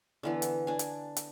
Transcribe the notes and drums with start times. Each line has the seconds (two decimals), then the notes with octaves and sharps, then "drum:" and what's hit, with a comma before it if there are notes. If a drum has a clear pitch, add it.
0.23 D3 E3 B3
0.42 drum: hi-hat
0.67 D4 G#5
0.79 drum: hi-hat
1.17 drum: hi-hat